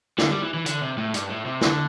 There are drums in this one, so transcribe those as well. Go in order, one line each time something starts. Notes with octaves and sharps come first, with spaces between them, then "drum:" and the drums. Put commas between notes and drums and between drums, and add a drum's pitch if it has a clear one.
D3, drum: snare
G3
E3
E3
D3, drum: hi-hat
C3
A2
G2, drum: hi-hat
A2
C3
D3, drum: snare